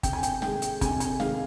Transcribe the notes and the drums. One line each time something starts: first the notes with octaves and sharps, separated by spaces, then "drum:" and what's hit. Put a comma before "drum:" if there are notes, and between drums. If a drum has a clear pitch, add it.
C3 G5, drum: kick G1, hi-hat
G#5
G5, drum: hi-hat
D#3 G#3 G5, drum: snare
drum: hi-hat
C3 G#5, drum: kick G1, hi-hat
G#5, drum: hi-hat
D#3 G#3 F5, drum: snare